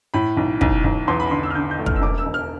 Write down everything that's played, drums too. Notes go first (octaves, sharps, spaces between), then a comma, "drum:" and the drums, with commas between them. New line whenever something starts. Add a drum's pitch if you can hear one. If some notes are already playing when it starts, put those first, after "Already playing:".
A2 B5
B1
B1, drum: kick
B1
E2 C6
B5
D3 C6
E6
F6
D3 G6
G6
A3
F6, drum: kick
E6
E1 D6
E6
E1
F6